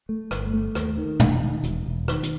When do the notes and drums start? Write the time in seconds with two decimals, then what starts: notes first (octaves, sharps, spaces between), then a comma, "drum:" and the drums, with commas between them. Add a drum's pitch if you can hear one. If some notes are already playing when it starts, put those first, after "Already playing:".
0.09 A3
0.31 G1, drum: rim click
0.53 A3
0.75 D#2, drum: rim click
0.98 D#3
1.20 E1, drum: tom
1.42 D#3
1.63 E1, drum: hi-hat
1.86 E1
2.08 D#3, drum: rim click
2.23 drum: hi-hat